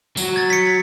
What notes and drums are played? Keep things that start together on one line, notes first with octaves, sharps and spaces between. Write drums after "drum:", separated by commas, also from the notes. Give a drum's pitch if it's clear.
F#3, drum: tambourine
G#6 A6
B6 C#7